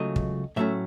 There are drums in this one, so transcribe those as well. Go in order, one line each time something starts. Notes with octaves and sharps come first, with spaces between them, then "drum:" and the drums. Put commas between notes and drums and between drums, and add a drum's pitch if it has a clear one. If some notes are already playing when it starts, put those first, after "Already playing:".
Already playing: C#2 C#3 F#3 A3 D#5
drum: kick
A2 F#3 A3 C#4 E5